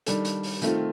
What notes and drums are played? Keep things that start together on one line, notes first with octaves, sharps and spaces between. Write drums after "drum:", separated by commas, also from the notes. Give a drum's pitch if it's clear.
D#3 G3 D4 A4, drum: hi-hat
drum: hi-hat
drum: open hi-hat
D#3 A3 C4 F4, drum: hi-hat